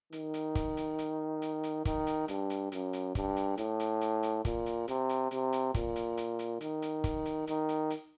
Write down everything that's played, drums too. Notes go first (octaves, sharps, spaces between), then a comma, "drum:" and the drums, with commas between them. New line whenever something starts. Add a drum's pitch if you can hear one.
D#3, drum: hi-hat
drum: hi-hat
drum: kick, hi-hat
drum: hi-hat
drum: hi-hat
drum: hi-hat
drum: hi-hat
D#3, drum: kick, hi-hat
drum: hi-hat
G2, drum: hi-hat
drum: hi-hat
F#2, drum: hi-hat
drum: hi-hat
G2, drum: kick, hi-hat
drum: hi-hat
A2, drum: hi-hat
drum: hi-hat
drum: hi-hat
drum: hi-hat
A#2, drum: kick, hi-hat
drum: hi-hat
C3, drum: hi-hat
drum: hi-hat
C3, drum: hi-hat
drum: hi-hat
A#2, drum: kick, hi-hat
drum: hi-hat
drum: hi-hat
drum: hi-hat
D#3, drum: hi-hat
drum: hi-hat
drum: kick, hi-hat
drum: hi-hat
D#3, drum: hi-hat
drum: hi-hat
drum: hi-hat